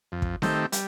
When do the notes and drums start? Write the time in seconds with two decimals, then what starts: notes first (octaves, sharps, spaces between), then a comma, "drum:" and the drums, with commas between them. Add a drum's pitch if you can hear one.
0.12 F2
0.22 drum: kick
0.42 D#3 A3 C4 G4, drum: snare C4
0.72 G3, drum: hi-hat